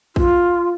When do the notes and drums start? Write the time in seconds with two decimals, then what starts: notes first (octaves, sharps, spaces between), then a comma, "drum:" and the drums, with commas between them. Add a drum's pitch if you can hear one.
0.16 F4, drum: kick A1